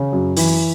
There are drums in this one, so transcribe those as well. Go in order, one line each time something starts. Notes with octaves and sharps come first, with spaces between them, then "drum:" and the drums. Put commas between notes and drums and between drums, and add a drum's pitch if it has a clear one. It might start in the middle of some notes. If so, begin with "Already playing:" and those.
Already playing: C#3
F#2
E3, drum: open hi-hat